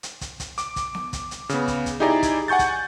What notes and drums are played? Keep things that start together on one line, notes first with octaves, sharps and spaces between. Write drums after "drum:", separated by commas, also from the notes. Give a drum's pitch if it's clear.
drum: hi-hat
drum: kick, hi-hat
drum: kick, hi-hat
D6, drum: hi-hat
drum: kick, hi-hat
drum: snare B3
drum: kick, hi-hat
drum: hi-hat
C#3 B3, drum: hi-hat
drum: kick, hi-hat
drum: kick, hi-hat
D#4 E4 G4 G#4 D5 A#5
drum: kick, hi-hat
F#5 G#5 C#6 G6 A6
drum: kick, hi-hat